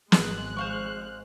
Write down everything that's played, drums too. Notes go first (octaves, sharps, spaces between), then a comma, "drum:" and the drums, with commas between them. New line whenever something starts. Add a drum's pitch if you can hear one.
G#1 G#3 G#4 F#6, drum: snare
F3 C5 F5 C#6